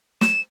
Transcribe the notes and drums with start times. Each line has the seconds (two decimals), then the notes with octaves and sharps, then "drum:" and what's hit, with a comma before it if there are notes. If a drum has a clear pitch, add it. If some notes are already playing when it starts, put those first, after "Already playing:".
0.21 E7, drum: snare